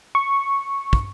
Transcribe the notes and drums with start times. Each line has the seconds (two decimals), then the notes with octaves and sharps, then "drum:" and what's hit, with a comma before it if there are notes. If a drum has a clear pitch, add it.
0.15 C#6
0.93 drum: kick